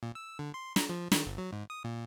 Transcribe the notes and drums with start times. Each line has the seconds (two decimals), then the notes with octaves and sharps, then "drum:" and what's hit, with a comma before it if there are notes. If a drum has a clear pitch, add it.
0.03 A#2
0.15 E6
0.39 D3
0.54 C6
0.76 A#5, drum: snare
0.89 F3
1.12 D#3, drum: snare
1.26 G1
1.38 F#3
1.52 G#2
1.70 D#6
1.84 A#2